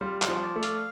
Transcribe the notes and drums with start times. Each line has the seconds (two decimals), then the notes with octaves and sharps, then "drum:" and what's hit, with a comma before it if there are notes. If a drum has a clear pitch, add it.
0.01 G3 F4
0.22 F4, drum: clap
0.28 F3
0.42 D5
0.56 A3
0.63 F5, drum: hi-hat